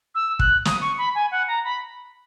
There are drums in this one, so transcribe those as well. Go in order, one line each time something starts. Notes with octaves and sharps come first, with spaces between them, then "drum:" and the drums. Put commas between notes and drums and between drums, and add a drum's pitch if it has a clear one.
E6
F#6, drum: kick
D#6, drum: snare
C#6
B5
G#5
F#5
A#5
B5